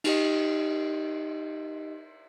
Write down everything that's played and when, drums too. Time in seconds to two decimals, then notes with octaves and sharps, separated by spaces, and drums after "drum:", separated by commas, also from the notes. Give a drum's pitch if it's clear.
0.04 D#4 G4 D#5, drum: cymbal